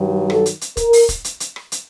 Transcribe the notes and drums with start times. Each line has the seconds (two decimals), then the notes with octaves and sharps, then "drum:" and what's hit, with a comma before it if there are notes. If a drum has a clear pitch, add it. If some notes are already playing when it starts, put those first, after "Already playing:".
Already playing: G2 D#3 F#3
0.30 A4, drum: rim click
0.46 drum: hi-hat
0.61 drum: hi-hat
0.77 A#4, drum: kick, hi-hat
0.93 drum: open hi-hat
1.09 drum: kick, hi-hat
1.24 drum: hi-hat
1.40 drum: hi-hat
1.56 drum: rim click
1.72 drum: hi-hat